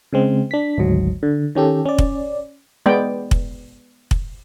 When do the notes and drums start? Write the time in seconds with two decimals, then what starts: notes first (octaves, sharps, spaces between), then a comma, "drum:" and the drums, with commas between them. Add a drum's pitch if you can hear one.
0.13 C#3 G#3 C4
0.51 D4 B6
0.78 G#1 D2 G#2 F#3
1.23 D3
1.55 D#3 C#4 G4 A4
1.86 C#4 D5
1.98 drum: kick
2.86 G#3 B3 D5 G5
3.31 drum: kick
4.11 drum: kick